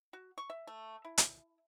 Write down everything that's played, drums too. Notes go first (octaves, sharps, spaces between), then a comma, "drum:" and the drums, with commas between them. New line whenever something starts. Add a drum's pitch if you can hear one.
F#4
C#6
E5
A3
E4
drum: hi-hat